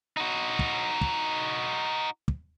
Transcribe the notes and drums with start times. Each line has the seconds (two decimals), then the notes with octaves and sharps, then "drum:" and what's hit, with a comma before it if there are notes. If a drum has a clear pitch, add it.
0.17 D#4 F#4
0.59 drum: kick
1.01 drum: kick
2.28 drum: kick